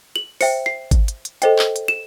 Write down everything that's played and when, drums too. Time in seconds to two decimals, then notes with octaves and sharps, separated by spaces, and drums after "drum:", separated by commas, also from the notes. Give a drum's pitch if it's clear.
0.16 F#7
0.41 C5 E5 G5 C#7, drum: open hi-hat
0.66 C7
0.91 drum: kick G#1, hi-hat
1.08 drum: hi-hat
1.25 drum: hi-hat
1.42 A4 C5 D#5 G5, drum: hi-hat
1.59 drum: clap
1.76 drum: hi-hat
1.88 E7